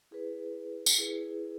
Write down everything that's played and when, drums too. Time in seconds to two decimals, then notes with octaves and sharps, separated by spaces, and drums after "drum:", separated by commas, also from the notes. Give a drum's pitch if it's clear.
0.11 E4 G#4 B4
0.86 drum: tambourine
0.99 E4 G#4 B4